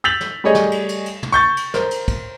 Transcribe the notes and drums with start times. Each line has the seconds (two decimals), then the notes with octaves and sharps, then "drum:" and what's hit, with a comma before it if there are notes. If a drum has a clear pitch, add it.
0.04 E6 G6 A6 B6 F7 F#7
0.21 drum: snare
0.44 G3 A3 G#4 C#5 D#5
0.55 drum: snare
0.72 drum: cymbal
0.89 drum: cymbal
1.06 drum: cymbal
1.23 drum: tom
1.32 C#6 G6 A6
1.57 drum: cymbal
1.74 A#4 C5, drum: snare
1.91 drum: cymbal
2.08 drum: kick, cymbal